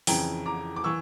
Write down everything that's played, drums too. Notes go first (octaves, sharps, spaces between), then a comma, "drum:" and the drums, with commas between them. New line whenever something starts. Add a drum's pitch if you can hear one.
F2 C#3 E3 G5 A#5, drum: open hi-hat
A#5 D6
D6
E3 C#6 E6